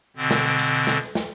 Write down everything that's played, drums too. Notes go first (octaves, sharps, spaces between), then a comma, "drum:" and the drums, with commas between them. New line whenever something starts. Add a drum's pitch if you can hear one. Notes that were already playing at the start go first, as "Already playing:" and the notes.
B2 D3 C4
drum: snare
drum: cymbal
drum: snare
drum: snare